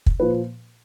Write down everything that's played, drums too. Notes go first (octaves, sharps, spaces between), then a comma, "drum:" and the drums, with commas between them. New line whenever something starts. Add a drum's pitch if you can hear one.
drum: kick
A#2 F3 B4